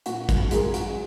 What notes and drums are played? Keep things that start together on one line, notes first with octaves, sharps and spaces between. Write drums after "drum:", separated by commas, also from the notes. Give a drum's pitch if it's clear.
A#2 F#4, drum: hi-hat
F#4, drum: kick, hi-hat
F#3 G#3 A#3 G#4, drum: hi-hat
F#4, drum: hi-hat